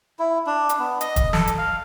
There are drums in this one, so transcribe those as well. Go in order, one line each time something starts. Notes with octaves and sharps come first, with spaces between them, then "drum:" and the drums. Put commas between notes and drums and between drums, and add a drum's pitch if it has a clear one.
E4
D4
drum: hi-hat
B3
D#5, drum: hi-hat
drum: kick, hi-hat
A4, drum: snare
drum: hi-hat
F5